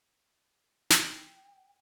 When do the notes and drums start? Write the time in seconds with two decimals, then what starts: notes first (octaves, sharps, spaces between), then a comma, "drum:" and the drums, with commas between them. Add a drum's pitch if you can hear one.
0.90 G5, drum: snare